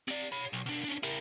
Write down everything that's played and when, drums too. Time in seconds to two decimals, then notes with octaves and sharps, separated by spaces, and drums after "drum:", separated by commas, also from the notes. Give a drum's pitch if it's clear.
0.08 C4 D5, drum: cymbal
0.32 C#5 B5
0.53 B1
0.66 B2 D4
0.84 C#4 D4
1.03 E4 A#4, drum: cymbal